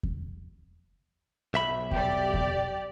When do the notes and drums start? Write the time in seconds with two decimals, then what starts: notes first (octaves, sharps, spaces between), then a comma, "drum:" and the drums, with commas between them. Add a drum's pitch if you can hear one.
0.03 drum: kick E2
1.54 B1 E5 B5
1.91 G4 D5, drum: kick E2
2.34 drum: kick E2